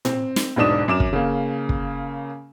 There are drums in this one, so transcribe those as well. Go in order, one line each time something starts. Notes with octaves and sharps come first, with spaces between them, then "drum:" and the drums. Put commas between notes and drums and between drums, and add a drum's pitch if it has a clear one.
C4, drum: tom A2
drum: snare
E1 B1 G#2 D4 D#6 E7
F#2 D6 E7
drum: kick
C#3 A#3
drum: kick